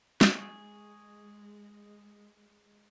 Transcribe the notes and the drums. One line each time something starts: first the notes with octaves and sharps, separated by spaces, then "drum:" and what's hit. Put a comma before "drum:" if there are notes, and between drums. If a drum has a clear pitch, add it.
G#3 G#4 C#6, drum: snare